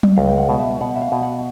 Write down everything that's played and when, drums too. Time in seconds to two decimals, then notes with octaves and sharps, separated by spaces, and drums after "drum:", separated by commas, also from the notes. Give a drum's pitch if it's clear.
0.03 drum: tom F#3
0.16 C#2 F5
0.28 G5
0.38 F#5
0.49 B2
0.59 E5
0.81 B2 F#5
0.96 E5
1.02 F5
1.12 B2
1.23 F#5